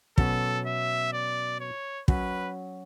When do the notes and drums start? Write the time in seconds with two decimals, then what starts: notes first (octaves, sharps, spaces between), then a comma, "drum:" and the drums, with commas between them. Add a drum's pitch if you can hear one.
0.18 B2 F#3 C#4 A4, drum: kick
0.66 E5
1.13 D5
1.60 C#5
2.08 F#3 C#4 F#4 B4, drum: kick